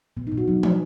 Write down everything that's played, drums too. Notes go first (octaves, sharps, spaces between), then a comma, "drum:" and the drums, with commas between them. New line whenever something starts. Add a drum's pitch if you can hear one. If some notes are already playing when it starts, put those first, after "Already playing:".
B2 B3
B2 D#4
F#4
F#3 D#4
F#3, drum: tom